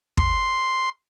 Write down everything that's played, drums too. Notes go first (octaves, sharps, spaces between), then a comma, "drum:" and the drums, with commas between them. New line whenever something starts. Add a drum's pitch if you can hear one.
C6, drum: kick